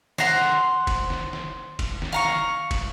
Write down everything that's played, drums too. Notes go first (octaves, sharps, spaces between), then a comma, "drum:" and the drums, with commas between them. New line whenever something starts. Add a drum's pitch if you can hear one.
C5 F#5 A#5 C6, drum: snare
drum: snare
drum: kick, cymbal
drum: snare
drum: snare
drum: kick, cymbal
drum: snare
F5 A#5 C#6
drum: snare
drum: kick, cymbal